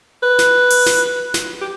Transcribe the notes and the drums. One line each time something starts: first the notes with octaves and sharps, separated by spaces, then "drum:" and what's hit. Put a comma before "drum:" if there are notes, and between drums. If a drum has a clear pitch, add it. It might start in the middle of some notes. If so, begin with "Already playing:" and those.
B4
drum: snare
drum: open hi-hat
drum: snare
drum: snare
G4